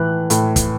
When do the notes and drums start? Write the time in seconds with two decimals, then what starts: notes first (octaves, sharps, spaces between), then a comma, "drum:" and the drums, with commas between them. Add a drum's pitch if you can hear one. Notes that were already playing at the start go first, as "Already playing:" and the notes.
Already playing: A2 E3 F#6
0.30 A2, drum: hi-hat
0.56 drum: kick, hi-hat